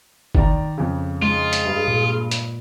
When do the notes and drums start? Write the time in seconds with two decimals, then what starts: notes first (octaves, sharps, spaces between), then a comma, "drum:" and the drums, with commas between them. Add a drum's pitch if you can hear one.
0.35 D#3 D5 A#5, drum: kick
0.78 F2 C#3
1.22 G#3 F4 G#4
1.53 drum: hi-hat
1.65 G2
1.88 A#2
2.31 drum: hi-hat